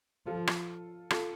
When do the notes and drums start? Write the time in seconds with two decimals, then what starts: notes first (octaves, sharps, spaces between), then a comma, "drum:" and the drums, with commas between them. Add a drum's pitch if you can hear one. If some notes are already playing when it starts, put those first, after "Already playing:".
0.26 F3 F4 A4
0.47 drum: rim click
1.10 F4 A4, drum: rim click